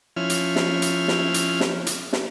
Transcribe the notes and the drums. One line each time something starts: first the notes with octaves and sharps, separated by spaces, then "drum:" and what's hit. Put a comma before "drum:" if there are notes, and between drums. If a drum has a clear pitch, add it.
F3 C#4 E4 F6
drum: hi-hat
drum: snare
drum: hi-hat
drum: snare
drum: hi-hat
drum: snare
drum: hi-hat
drum: snare